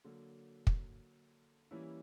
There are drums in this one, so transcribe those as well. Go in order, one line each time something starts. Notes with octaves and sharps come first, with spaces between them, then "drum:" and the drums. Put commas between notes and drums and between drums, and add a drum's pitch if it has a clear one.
D3 F#3 A#3
drum: kick
E3 G3 A#3 C#4 E4